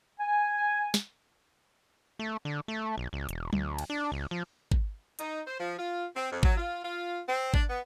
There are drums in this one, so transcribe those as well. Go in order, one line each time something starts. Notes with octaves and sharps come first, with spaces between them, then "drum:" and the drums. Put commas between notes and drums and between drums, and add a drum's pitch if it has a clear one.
G#5
drum: snare
A3
D3
A3
B1
C#2
E1, drum: hi-hat
D2, drum: tom F#3
drum: cymbal
D4
C#2
F3
drum: kick
D#4, drum: hi-hat
C5
F3
F4
C4
F2
F#3, drum: kick
F4
F4
C4
D4, drum: kick
B3